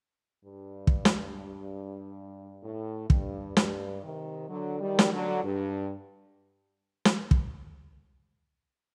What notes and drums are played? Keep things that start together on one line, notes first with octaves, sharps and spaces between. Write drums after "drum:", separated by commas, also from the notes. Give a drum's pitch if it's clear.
G2
drum: kick
drum: snare
A2
G2, drum: kick
G2, drum: snare
C3 D#3
D3 F#3
D#3 G3
drum: snare
D3 F#3
G2
drum: snare
drum: kick